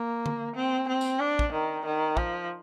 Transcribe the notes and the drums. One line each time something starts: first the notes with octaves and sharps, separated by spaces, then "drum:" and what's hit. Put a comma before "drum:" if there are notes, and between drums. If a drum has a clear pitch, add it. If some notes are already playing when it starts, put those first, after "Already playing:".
Already playing: A#3
drum: tom D3
C4
C4
drum: tambourine
D4
drum: kick
D#3
D#3
F3, drum: kick